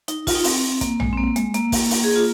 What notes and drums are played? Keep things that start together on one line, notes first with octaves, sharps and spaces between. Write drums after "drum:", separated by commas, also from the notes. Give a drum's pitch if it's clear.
D#4, drum: hi-hat
F4, drum: kick, open hi-hat
D#4
C4, drum: open hi-hat
A#3, drum: kick, hi-hat
G#3, drum: tom A#1
C4
A#3
G#3, drum: hi-hat
A#3, drum: hi-hat
drum: kick, open hi-hat
drum: open hi-hat
G#4
F4